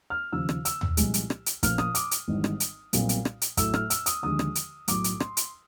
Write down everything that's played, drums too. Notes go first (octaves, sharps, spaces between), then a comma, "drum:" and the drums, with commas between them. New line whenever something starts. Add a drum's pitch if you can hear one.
F6
D#2 C#3 F3 E6
drum: rim click
E6, drum: hi-hat
drum: tom
C2 A#2 F3 G#3, drum: hi-hat
drum: hi-hat
drum: rim click
drum: hi-hat
A#2 F3 A#3 C#4 F6, drum: kick, hi-hat
D#6, drum: rim click
D6, drum: hi-hat
drum: hi-hat
G#1 G#2 E3 G3
drum: rim click
drum: hi-hat
B1 A#2 G3 C4, drum: hi-hat
drum: hi-hat
drum: rim click
drum: hi-hat
A2 F#3 A3 E6, drum: kick, hi-hat
F6, drum: rim click
E6, drum: hi-hat
D#6, drum: hi-hat
D#2 D3 F3 G#3 D#6
drum: rim click
drum: hi-hat
B1 A2 F#3 D6, drum: hi-hat
drum: hi-hat
C6, drum: rim click
drum: hi-hat